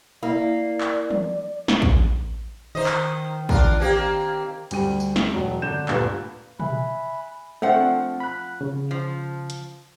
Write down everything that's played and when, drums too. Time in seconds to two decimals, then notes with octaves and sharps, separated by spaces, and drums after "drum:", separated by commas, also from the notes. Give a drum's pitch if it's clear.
0.23 A#3 E4 D5
0.80 drum: clap
1.10 drum: tom E3
1.68 drum: snare
1.82 drum: kick
2.75 D#3 D#4 C5 D#5
2.86 drum: clap
3.49 D4 F4 A#4, drum: kick
3.80 A#3 C4 G4
4.71 D2 G3 D#7, drum: cymbal
5.00 drum: tambourine
5.16 drum: snare
5.33 E1 F#3
5.62 D3 D4 G6 E7
5.88 D2 G2 A#2 F4 B4, drum: clap
6.60 E5 G#5 B5 F#6, drum: tom B2
7.62 F3 A3 C4 D4 F#5
8.20 B5 F#6
8.61 C#3
8.91 F3
9.50 drum: hi-hat